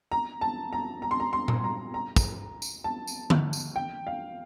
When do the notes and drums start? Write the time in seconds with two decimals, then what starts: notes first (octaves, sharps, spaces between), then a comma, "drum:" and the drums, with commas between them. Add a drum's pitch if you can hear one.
0.12 A#5
0.41 A5
0.73 A#5
1.02 A#5
1.11 C6
1.20 A#5
1.33 C6
1.48 drum: tom A#2
1.64 A#5
1.94 A#5
2.16 drum: kick, tambourine
2.62 drum: tambourine
2.84 A5
3.07 drum: tambourine
3.30 drum: tom D3
3.53 drum: tambourine
3.76 G5
4.07 F5